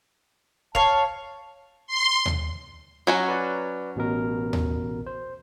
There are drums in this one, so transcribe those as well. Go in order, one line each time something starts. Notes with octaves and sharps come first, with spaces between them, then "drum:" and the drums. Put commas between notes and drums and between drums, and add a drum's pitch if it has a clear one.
C#5 F5 A5, drum: kick
C6
drum: tom D#2
F#3 C#4 F#4
B4 D5
A1 B2 A#4
drum: tom D#2
C5